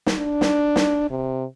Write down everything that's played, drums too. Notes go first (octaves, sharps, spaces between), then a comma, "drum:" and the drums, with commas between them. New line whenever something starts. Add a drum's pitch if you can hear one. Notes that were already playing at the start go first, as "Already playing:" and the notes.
drum: snare
D4
drum: snare
drum: snare
C3